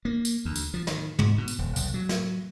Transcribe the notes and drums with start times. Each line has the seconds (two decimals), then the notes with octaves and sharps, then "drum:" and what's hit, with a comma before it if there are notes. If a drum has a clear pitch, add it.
0.05 A#3
0.25 drum: tambourine
0.45 D2
0.56 drum: tambourine
0.74 F3
0.87 D#3, drum: snare
1.19 G#2, drum: tom
1.38 B2
1.48 drum: tambourine
1.59 D#1
1.76 B1, drum: tambourine
1.94 F#3
2.09 drum: snare